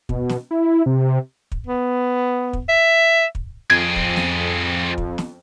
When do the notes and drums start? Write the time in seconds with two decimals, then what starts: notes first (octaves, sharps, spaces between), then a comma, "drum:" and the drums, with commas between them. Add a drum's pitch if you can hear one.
0.09 B2, drum: kick
0.29 drum: snare
0.51 E4
0.86 C3
1.52 drum: kick
1.67 B3
2.53 drum: kick
2.69 E5
3.35 drum: kick
3.70 F2 C4 G#4 G#6
3.96 drum: kick
4.16 drum: snare
4.98 drum: kick
5.18 drum: snare